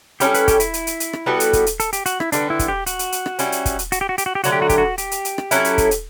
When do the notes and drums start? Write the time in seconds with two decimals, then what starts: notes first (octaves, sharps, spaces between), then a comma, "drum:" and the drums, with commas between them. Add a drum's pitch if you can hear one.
0.20 G3 C#4 E4 G4 A4, drum: hi-hat
0.34 B4, drum: hi-hat
0.48 G4, drum: kick, hi-hat
0.60 E4, drum: hi-hat
0.74 drum: hi-hat
0.87 drum: hi-hat
1.00 drum: hi-hat
1.13 drum: rim click
1.26 G3 B3 F#4 A4
1.40 drum: hi-hat
1.53 drum: kick, hi-hat
1.66 drum: hi-hat
1.80 A4, drum: hi-hat
1.93 G4, drum: hi-hat
2.06 F#4, drum: hi-hat
2.20 E4, drum: rim click
2.32 D3 G3 B3 D4, drum: hi-hat
2.50 E4
2.59 drum: kick, hi-hat
2.68 G4
2.86 F#4, drum: hi-hat
2.99 drum: hi-hat
3.12 drum: hi-hat
3.26 drum: rim click
3.39 G3 C#4 E4, drum: hi-hat
3.52 drum: hi-hat
3.66 drum: kick, hi-hat
3.79 drum: hi-hat
3.92 F#4, drum: hi-hat
4.01 G4
4.09 F#4
4.18 G4, drum: hi-hat
4.26 F#4
4.35 G4
4.44 D3 F#3 A3 F#4, drum: hi-hat
4.52 G4
4.62 F#4
4.69 G4, drum: kick, hi-hat
4.78 F#4
4.98 G4, drum: hi-hat
5.11 drum: hi-hat
5.25 drum: hi-hat
5.38 drum: rim click
5.51 F#3 C#4 E4 A4, drum: hi-hat
5.65 drum: hi-hat
5.78 drum: kick, hi-hat
5.91 drum: hi-hat